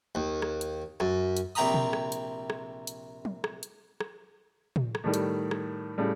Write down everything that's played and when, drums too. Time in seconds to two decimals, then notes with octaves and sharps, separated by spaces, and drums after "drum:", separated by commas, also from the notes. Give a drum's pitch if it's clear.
0.15 D#2
0.42 drum: rim click
0.61 drum: hi-hat
1.00 F#2, drum: rim click
1.37 drum: hi-hat
1.55 A#1 C3 G5 A#5 B5 D#6
1.74 drum: tom
1.93 drum: rim click
2.12 drum: hi-hat
2.50 drum: rim click
2.87 drum: hi-hat
3.25 drum: tom
3.44 drum: rim click
3.63 drum: hi-hat
4.00 drum: rim click
4.76 drum: tom
4.95 drum: rim click
5.04 A2 D#3 G3
5.14 drum: hi-hat
5.51 drum: rim click
5.98 A2 C#3 G3